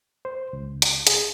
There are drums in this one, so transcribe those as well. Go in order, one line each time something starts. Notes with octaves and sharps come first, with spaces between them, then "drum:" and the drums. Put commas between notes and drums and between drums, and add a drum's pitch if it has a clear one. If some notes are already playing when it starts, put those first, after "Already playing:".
C5
C#2
drum: hi-hat
G#4, drum: hi-hat